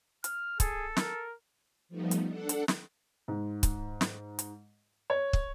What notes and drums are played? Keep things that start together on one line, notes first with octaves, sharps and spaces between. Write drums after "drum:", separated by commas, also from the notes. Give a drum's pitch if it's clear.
F6, drum: hi-hat
G#4 A4, drum: kick, hi-hat
A#4, drum: snare
F3 G3 A3 B3 D#4
drum: hi-hat
D4 A4 F#5
drum: hi-hat
drum: snare
G#2
drum: kick, hi-hat
drum: snare
drum: hi-hat
C#5
drum: kick